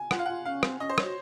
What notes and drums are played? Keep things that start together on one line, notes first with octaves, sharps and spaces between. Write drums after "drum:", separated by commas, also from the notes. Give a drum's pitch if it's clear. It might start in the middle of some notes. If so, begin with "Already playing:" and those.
Already playing: G#5
F4 F#5, drum: rim click
F5
F4 F#5
C#4 F5
C4, drum: rim click
C#4 D#5
C5
C#5, drum: rim click
F#4